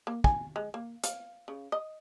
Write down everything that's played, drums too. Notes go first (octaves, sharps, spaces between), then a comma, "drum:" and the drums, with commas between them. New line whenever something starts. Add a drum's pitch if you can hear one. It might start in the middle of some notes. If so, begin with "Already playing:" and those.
A#3
G#5, drum: kick
G#3
A#3
F5, drum: hi-hat
C#3
D#5